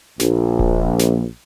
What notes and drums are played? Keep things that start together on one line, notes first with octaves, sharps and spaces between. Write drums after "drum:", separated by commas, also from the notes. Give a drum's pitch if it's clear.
A#1, drum: snare
drum: kick D1
drum: snare